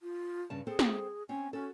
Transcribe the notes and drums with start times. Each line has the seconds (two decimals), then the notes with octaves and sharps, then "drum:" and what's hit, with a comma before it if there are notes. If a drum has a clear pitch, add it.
0.01 F4
0.50 G2 C#3 A5
0.67 C4 G#4 A4 C5
0.79 drum: snare
1.29 C4 C#4 G#5
1.53 C#4 F#4 A4